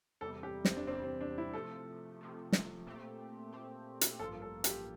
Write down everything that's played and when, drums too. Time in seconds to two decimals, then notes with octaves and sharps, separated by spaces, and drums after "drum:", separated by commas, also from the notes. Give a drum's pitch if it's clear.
0.21 E2 C3 G3 A4
0.43 G4
0.65 C4, drum: snare
0.77 D4
0.87 E2 C3 G3 C4
1.04 C4
1.21 D4
1.38 E4
1.54 C3 F3 A3 A4
2.21 C3 F3 A3
2.52 drum: snare
2.87 A#2 A3 C4 G4
3.53 A#2 A3 C4 G4
4.01 drum: hi-hat
4.19 A1 G2 F3 A#3 F4 A4
4.42 A4
4.64 G4, drum: hi-hat